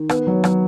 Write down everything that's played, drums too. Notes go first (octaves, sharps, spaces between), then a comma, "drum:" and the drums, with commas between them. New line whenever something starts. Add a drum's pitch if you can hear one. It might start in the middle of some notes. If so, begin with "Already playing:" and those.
Already playing: D#3
B3, drum: rim click
F#3
F#3, drum: rim click